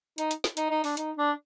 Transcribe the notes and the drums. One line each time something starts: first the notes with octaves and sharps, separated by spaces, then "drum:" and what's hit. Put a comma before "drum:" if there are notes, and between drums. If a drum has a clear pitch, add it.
D#4, drum: hi-hat
drum: hi-hat
drum: snare
D#4, drum: hi-hat
D#4
D4, drum: open hi-hat
D#4, drum: hi-hat
D4